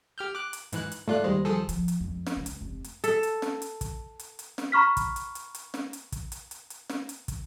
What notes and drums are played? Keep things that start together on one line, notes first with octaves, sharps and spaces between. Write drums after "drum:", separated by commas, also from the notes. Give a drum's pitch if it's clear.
G4 F6 G6
D6 F#6
drum: hi-hat
G#2 E3 F#6, drum: hi-hat
drum: hi-hat
G#2 A3 F4 D5 F#6
D#2 G3 G#3 C5
F3 G#4 A4
F3, drum: hi-hat
drum: hi-hat
F2
drum: snare
C#2
drum: hi-hat
F1
drum: hi-hat
A4, drum: hi-hat
drum: hi-hat
drum: snare
drum: hi-hat
drum: kick, hi-hat
drum: hi-hat
drum: hi-hat
drum: snare
A#5 B5 C#6 F6 B6
drum: kick, hi-hat
drum: hi-hat
drum: hi-hat
drum: hi-hat
drum: snare
drum: hi-hat
drum: kick, hi-hat
drum: hi-hat
drum: hi-hat
drum: hi-hat
drum: snare
drum: hi-hat
drum: kick, hi-hat